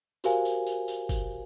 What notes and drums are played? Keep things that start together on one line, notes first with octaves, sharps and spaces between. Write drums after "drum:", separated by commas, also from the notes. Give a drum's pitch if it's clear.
F#4 G4 A#4 C5 F5 G#5, drum: tambourine
drum: tambourine
drum: tambourine
drum: tambourine
drum: kick, tambourine